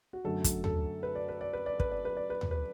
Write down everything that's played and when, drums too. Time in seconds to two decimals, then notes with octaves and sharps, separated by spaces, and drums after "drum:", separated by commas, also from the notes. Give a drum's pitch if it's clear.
0.13 F#4
0.24 F#2 D3 F#3 A3 A4
0.44 drum: kick, hi-hat
0.64 A4, drum: tom
1.03 B4
1.15 D5
1.28 B4
1.41 D5
1.53 B4
1.66 D5
1.80 B4, drum: kick
1.91 D5
2.05 B4
2.17 D5
2.30 B4
2.41 drum: tom
2.51 B4